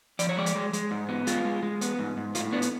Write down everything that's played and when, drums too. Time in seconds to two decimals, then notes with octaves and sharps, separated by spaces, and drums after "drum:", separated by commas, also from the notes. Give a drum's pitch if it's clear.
0.19 F3 D5, drum: hi-hat
0.29 C#5
0.37 G#3 D5
0.46 drum: hi-hat
0.55 G#3
0.73 G#3, drum: hi-hat
0.91 G#2
1.09 B3
1.27 G#3 F4, drum: hi-hat
1.45 G#3
1.63 G#3
1.81 B3, drum: hi-hat
1.99 G#2
2.17 G#2
2.35 A2 F4, drum: hi-hat
2.52 B3 D4
2.62 drum: hi-hat